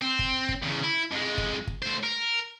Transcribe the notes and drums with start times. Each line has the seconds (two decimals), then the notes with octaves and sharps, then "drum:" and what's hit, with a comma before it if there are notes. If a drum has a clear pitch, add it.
0.02 C4
0.19 drum: kick G1
0.49 drum: kick G1
0.62 E2 C#3
0.83 E4
1.11 F2 G#3
1.38 drum: kick G1
1.67 drum: kick G1
1.82 A3 C5
2.03 A#4